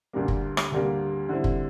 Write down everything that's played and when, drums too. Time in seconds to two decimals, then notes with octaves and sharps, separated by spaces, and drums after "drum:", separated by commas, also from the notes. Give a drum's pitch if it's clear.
0.13 D2 D3 G3 A#3
0.28 drum: kick
0.57 drum: rim click
0.72 D2 D3 G3 A#3
1.29 D3 G3 C4 E4
1.44 drum: kick